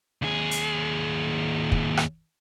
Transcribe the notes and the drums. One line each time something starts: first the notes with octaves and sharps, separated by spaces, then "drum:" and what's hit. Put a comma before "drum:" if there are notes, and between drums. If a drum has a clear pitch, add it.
D#2 G#4
drum: hi-hat
drum: kick
drum: rim click